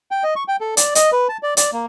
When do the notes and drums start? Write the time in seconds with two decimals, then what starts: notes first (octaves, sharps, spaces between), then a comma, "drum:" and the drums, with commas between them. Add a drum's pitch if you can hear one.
0.11 G5
0.24 D#5
0.36 C#6
0.48 G5
0.61 A4
0.77 D5, drum: hi-hat
0.95 D#5, drum: hi-hat
1.12 B4
1.29 A5
1.43 D5
1.57 D5, drum: hi-hat
1.73 A#3